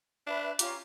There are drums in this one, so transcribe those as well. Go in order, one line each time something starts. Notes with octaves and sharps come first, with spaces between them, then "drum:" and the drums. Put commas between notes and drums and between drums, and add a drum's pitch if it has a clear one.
D4 B4 E5
C#4 F4 G4 A#5, drum: hi-hat